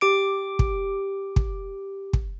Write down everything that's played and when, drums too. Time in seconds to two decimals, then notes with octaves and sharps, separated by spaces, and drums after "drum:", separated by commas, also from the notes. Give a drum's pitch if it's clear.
0.01 G4 D6 D7
0.59 drum: kick
1.36 drum: kick
2.13 drum: kick